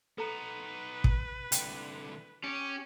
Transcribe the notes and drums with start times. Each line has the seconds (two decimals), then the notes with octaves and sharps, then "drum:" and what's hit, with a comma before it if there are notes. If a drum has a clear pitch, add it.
0.18 B3 D#4 A4 B4 A#5
1.04 drum: kick
1.52 C2 D3 G5, drum: hi-hat
2.44 C#4 G4